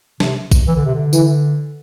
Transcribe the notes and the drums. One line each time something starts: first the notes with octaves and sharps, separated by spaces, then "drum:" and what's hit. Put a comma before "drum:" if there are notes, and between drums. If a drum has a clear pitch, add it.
C3, drum: snare
drum: kick A#1, tambourine
E3
D3
C3
D3
E3, drum: tambourine